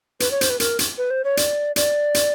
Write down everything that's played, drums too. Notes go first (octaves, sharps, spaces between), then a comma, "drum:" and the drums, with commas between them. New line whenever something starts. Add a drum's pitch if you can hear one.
B4, drum: hi-hat
C#5
C5, drum: hi-hat
B4
A#4, drum: hi-hat
drum: hi-hat
B4
C5
C#5
D5, drum: hi-hat
D5, drum: hi-hat
drum: hi-hat